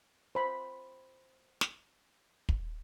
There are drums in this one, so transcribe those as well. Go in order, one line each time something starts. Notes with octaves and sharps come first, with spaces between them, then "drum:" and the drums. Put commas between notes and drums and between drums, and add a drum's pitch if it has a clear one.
C5 B5
drum: snare
drum: kick